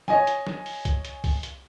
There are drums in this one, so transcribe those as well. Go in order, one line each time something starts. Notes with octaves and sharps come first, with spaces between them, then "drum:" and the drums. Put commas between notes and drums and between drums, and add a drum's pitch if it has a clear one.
C#5 D#5 G#5, drum: snare
drum: hi-hat
drum: snare
drum: open hi-hat
drum: kick C2, hi-hat
drum: hi-hat
drum: kick C2, open hi-hat
drum: hi-hat